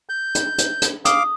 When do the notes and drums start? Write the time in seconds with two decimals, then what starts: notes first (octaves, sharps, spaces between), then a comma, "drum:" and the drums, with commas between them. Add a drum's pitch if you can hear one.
0.09 G6
0.35 drum: hi-hat
0.58 drum: hi-hat
0.82 drum: hi-hat
1.05 F5 D6 D#6, drum: hi-hat